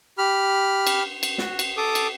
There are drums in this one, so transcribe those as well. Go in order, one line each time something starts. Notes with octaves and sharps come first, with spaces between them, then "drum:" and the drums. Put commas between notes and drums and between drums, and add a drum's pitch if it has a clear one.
G4 B5 F6
drum: cymbal
drum: cymbal
F#4, drum: snare
drum: cymbal
A4 D6 D#6
drum: cymbal